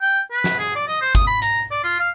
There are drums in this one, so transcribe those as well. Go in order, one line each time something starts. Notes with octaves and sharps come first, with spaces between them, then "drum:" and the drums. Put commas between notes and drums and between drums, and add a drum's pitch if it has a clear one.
G5
B4
drum: snare
G#4
D5
D#5
C5
D#6, drum: kick G1, hi-hat
B5
A#5, drum: hi-hat
D5
F4
F5